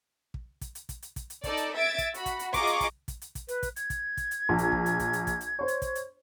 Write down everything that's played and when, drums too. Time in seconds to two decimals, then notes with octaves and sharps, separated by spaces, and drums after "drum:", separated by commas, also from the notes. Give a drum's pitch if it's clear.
0.34 drum: kick
0.61 drum: kick, hi-hat
0.75 drum: hi-hat
0.89 drum: kick, hi-hat
1.02 drum: hi-hat
1.16 drum: kick, hi-hat
1.30 drum: hi-hat
1.44 D#4 A4 D5, drum: kick, hi-hat
1.57 drum: hi-hat
1.76 E5 G#6 A6 D7
1.98 drum: kick, hi-hat
2.14 F#4 B5, drum: hi-hat
2.26 drum: kick, hi-hat
2.39 drum: hi-hat
2.54 F4 G#4 D#5 A#5 C#6 D6, drum: kick, hi-hat
2.67 drum: hi-hat
2.80 drum: kick, hi-hat
3.08 drum: kick, hi-hat
3.22 drum: hi-hat
3.35 drum: kick, hi-hat
3.48 B4, drum: hi-hat
3.63 drum: kick, hi-hat
3.76 G#6, drum: hi-hat
3.90 drum: kick, hi-hat
4.17 drum: kick, hi-hat
4.31 drum: hi-hat
4.49 A#1
4.58 drum: hi-hat
4.72 drum: kick
4.86 drum: hi-hat
5.00 drum: kick, hi-hat
5.13 drum: hi-hat
5.27 drum: kick, hi-hat
5.41 drum: hi-hat
5.59 C5 C#5
5.68 drum: hi-hat
5.82 drum: kick, hi-hat
5.95 drum: hi-hat